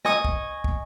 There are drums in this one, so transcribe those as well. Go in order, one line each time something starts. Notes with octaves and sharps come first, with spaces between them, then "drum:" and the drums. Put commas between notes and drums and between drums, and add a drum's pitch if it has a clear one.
D#5 G#5 C#6 D#6, drum: snare
drum: kick
drum: kick